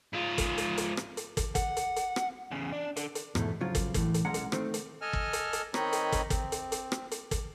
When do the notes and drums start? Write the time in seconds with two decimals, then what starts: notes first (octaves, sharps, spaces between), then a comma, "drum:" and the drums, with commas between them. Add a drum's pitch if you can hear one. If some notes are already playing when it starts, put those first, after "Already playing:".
0.13 G#2 F4
0.38 drum: kick, hi-hat
0.58 drum: hi-hat
0.77 drum: hi-hat
0.97 drum: rim click
1.17 drum: hi-hat
1.37 drum: kick, hi-hat
1.55 F#5, drum: kick, hi-hat
1.77 drum: hi-hat
1.96 drum: hi-hat
2.16 drum: rim click
2.51 E2 C#3
2.73 D4
2.96 D3, drum: hi-hat
3.15 drum: hi-hat
3.35 E2 G#2 B2 A3, drum: rim click
3.61 C#3 F3 F#3 F4
3.75 drum: kick, hi-hat
3.94 A2 E3, drum: kick, hi-hat
4.14 drum: hi-hat
4.25 B1 G#3 C#4 F#5 A#5
4.34 drum: hi-hat
4.52 D#3 A3 C4, drum: rim click
4.74 drum: hi-hat
5.02 A4 D#5 G#5 A5 F6
5.13 drum: kick
5.33 drum: hi-hat
5.53 drum: hi-hat
5.74 D#3 C4 D#4 C#5 D#5 B5, drum: rim click
5.93 drum: hi-hat
6.12 drum: kick, hi-hat
6.30 C4, drum: kick, hi-hat
6.52 drum: hi-hat
6.72 drum: hi-hat
6.92 drum: rim click
7.11 drum: hi-hat
7.31 drum: kick, hi-hat